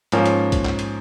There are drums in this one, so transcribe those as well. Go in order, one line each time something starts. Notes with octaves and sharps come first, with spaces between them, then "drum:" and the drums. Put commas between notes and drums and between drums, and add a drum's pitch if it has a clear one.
G#2 F3 A#3 C#4, drum: hi-hat
drum: hi-hat
drum: kick A#1, hi-hat
drum: clap
drum: hi-hat